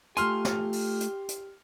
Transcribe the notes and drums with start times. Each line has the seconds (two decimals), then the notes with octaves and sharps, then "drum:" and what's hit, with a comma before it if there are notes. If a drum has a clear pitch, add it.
0.17 A3 F4 G4 G#5 C6 F6, drum: hi-hat
0.45 drum: snare
0.73 drum: open hi-hat
1.00 drum: hi-hat
1.28 drum: hi-hat